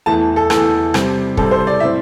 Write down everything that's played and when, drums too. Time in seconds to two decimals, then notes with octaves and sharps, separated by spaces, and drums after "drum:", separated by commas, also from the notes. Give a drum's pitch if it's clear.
0.06 E2 E3 A3 A5
0.36 A4
0.50 E2 E3 A3 A4, drum: rim click
0.94 C3 G3 C4, drum: rim click
1.37 C3 G3 C4 A4, drum: kick
1.51 C5
1.67 D5
1.80 A2 G3 C4 E5